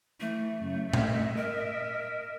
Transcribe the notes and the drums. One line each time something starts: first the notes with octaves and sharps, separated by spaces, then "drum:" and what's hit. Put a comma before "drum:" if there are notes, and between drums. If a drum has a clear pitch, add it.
E3 A3
F#2 C#3
D#5 E5, drum: tom A#2
A#4